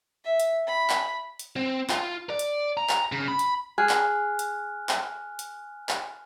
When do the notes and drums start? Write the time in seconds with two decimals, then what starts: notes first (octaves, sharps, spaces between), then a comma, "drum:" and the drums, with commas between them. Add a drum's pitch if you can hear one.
0.25 E5
0.40 drum: hi-hat
0.67 B5
0.90 drum: clap
1.39 drum: hi-hat
1.56 C4
1.89 F4, drum: clap
2.30 D5
2.39 drum: hi-hat
2.77 A#5
2.89 drum: clap
3.12 C#3
3.28 B5
3.39 drum: hi-hat
3.78 G#4 G#5 F6 F#6
3.89 drum: clap
4.39 drum: hi-hat
4.89 drum: clap
5.39 drum: hi-hat
5.89 drum: clap